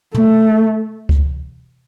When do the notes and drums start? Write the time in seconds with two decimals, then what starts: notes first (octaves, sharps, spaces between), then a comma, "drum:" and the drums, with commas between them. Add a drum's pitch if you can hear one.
0.15 A3, drum: tom
1.09 drum: kick C#2